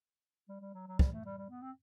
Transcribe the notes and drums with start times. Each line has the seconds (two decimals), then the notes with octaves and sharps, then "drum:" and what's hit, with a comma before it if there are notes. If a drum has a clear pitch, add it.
0.49 G3
0.61 G3
0.74 F#3
0.87 F#3
0.99 G3, drum: kick
1.12 A3
1.25 G3
1.37 G3
1.50 B3
1.62 C4